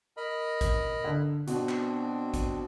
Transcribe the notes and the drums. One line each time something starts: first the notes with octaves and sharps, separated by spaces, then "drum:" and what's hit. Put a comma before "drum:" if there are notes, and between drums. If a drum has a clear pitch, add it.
A#4 D#5 B5
drum: kick, hi-hat
D3
B2 C4 D4, drum: hi-hat
drum: clap
drum: kick, hi-hat